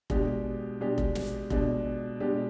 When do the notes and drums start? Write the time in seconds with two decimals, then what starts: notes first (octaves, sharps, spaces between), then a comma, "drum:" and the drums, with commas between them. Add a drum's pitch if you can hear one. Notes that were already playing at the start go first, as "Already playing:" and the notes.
0.10 B2 G#3 D4 G4, drum: kick F1
0.81 B2 G#3 D4 G4
0.98 drum: kick F1
1.15 drum: snare
1.50 B2 G#3 D4 G4, drum: kick F1
2.20 B2 G#3 D4 G4